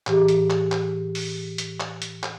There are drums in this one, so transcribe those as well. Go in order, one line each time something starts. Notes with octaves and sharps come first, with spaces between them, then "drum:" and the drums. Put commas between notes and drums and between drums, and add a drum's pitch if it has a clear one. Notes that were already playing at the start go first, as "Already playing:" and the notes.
A2 E3 G4 G#4, drum: clap
drum: hi-hat
drum: clap
drum: clap
drum: open hi-hat
drum: hi-hat
drum: clap
drum: hi-hat
drum: clap